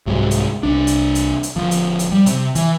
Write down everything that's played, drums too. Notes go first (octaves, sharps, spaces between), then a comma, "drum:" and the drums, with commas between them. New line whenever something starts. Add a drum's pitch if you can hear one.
C2 G#2 F#3 G#3
drum: hi-hat
C2 D4
drum: hi-hat
drum: hi-hat
drum: hi-hat
D1 F3
drum: hi-hat
drum: hi-hat
G3
C3, drum: hi-hat
E3, drum: hi-hat